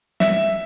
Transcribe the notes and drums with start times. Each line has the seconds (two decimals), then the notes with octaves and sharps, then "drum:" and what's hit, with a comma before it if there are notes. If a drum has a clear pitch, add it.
0.20 E5, drum: snare